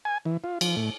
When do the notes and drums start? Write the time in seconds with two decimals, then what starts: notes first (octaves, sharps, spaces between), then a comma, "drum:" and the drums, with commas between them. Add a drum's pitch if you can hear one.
0.05 G#5
0.25 E3
0.44 F4
0.61 F3, drum: cymbal
0.77 A2